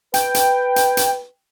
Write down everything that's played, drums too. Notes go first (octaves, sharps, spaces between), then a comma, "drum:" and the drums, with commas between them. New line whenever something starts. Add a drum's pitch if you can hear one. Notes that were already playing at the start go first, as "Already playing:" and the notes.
B4 G5, drum: hi-hat
drum: hi-hat
drum: hi-hat
drum: hi-hat